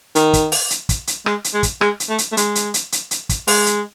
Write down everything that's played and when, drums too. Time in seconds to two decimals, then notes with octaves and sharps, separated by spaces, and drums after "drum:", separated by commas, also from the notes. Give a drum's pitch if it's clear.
0.15 D#3, drum: hi-hat
0.33 drum: kick, hi-hat
0.52 drum: open hi-hat
0.70 drum: hi-hat
0.89 drum: kick, hi-hat
1.07 drum: hi-hat
1.26 G#3, drum: rim click
1.44 drum: hi-hat
1.54 G#3
1.63 drum: kick, hi-hat
1.81 G#3, drum: rim click
2.00 drum: hi-hat
2.09 A3
2.18 drum: hi-hat
2.32 A3
2.37 G#3, drum: hi-hat
2.55 drum: hi-hat
2.74 drum: hi-hat
2.92 drum: hi-hat
3.11 drum: hi-hat
3.29 drum: kick, hi-hat
3.48 G#3, drum: open hi-hat
3.66 drum: hi-hat